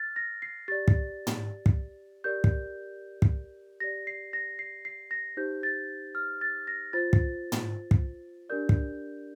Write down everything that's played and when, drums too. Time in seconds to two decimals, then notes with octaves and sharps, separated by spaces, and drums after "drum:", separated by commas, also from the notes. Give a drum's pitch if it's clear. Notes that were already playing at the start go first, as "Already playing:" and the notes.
Already playing: F6 A6
0.16 A#6
0.42 C7
0.68 G4 D5 A6
0.88 drum: kick
1.27 drum: tom
1.66 drum: kick
2.24 G4 A#4 D5 G6
2.44 drum: kick
3.22 drum: kick
3.80 G4 D5 A#6
4.07 C7
4.33 A#6
4.59 C7
4.85 C7
5.11 A#6
5.37 D#4 G4 C5 G6
5.63 A6
6.15 F6
6.41 A6
6.67 A#6
6.93 F4 C5 A6
7.13 drum: kick
7.52 drum: tom
7.91 drum: kick
8.49 D4 G4 A#4 D5 G6
8.69 drum: kick